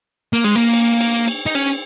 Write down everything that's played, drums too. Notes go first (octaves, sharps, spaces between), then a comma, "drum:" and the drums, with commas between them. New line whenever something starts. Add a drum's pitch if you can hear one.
A#3
G#3, drum: cymbal
A#3
drum: cymbal
drum: cymbal
drum: cymbal
D#4
C#4, drum: cymbal